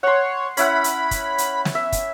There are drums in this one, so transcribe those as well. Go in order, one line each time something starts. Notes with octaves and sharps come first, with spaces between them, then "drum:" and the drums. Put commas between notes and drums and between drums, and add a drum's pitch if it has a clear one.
C#5 F#5 C6
C#4 E4 F#5 B5, drum: hi-hat
drum: hi-hat
drum: kick, hi-hat
drum: hi-hat
drum: snare
E5
drum: kick, hi-hat